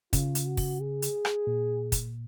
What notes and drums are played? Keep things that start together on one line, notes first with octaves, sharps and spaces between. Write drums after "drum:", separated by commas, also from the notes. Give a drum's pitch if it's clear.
C#3 F4, drum: kick, hi-hat
drum: hi-hat
F#4
drum: kick, open hi-hat
G#4
drum: hi-hat
drum: rim click
A#2
drum: kick, hi-hat